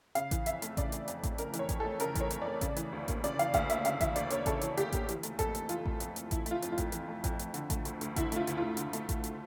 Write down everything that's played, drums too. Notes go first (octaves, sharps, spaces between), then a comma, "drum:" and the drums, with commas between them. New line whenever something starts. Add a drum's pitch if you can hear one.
C#3 F5, drum: hi-hat
E3, drum: kick A1, hi-hat
F2 E5, drum: hi-hat
A3, drum: hi-hat
C#3 D5, drum: kick A1, hi-hat
E3, drum: hi-hat
F2, drum: hi-hat
A3, drum: kick A1, hi-hat
C#3 A#4, drum: hi-hat
E3, drum: hi-hat
C#5
F2, drum: kick A1, hi-hat
A3 A4
C#3 A#4, drum: hi-hat
E3, drum: kick A1, hi-hat
C#5
F2, drum: hi-hat
A3 D5
C#3, drum: kick A1, hi-hat
E3, drum: hi-hat
D2
A#3, drum: kick A1, hi-hat
C#3 D5, drum: hi-hat
E3 F5, drum: hi-hat
D2 F5, drum: kick A1, hi-hat
A#3 E5, drum: hi-hat
C#3 F5, drum: hi-hat
E3 E5, drum: kick A1, hi-hat
D2 D5, drum: hi-hat
A#3 C#5, drum: hi-hat
C#3 A4, drum: kick A1, hi-hat
E3, drum: hi-hat
D2 G4, drum: hi-hat
A#3, drum: kick A1, hi-hat
E3, drum: hi-hat
A3, drum: hi-hat
F2 A4, drum: kick A1, hi-hat
F2, drum: hi-hat
E3 F4, drum: hi-hat
A3, drum: kick A1
F2, drum: hi-hat
F2, drum: hi-hat
E3 E4, drum: kick A1, hi-hat
A3, drum: hi-hat
F4
F2, drum: hi-hat
F4
F2, drum: kick A1, hi-hat
E3, drum: hi-hat
A3
F2, drum: kick A1, hi-hat
F2, drum: hi-hat
D3, drum: hi-hat
A3, drum: kick A1, hi-hat
D2, drum: hi-hat
D2, drum: hi-hat
D3 E4, drum: kick A1, hi-hat
A3 F4, drum: hi-hat
D2, drum: hi-hat
D2 F4
D3, drum: hi-hat
A3, drum: hi-hat
D2, drum: kick A1, hi-hat
drum: hi-hat